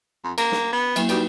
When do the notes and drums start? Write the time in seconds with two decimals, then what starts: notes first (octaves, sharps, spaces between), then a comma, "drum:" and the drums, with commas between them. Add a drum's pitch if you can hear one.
0.24 F2
0.38 A#3, drum: cymbal
0.52 drum: snare
0.73 B3
0.96 F#3 A#3 E4, drum: cymbal
1.09 G3 D#4 F#4 B4, drum: cymbal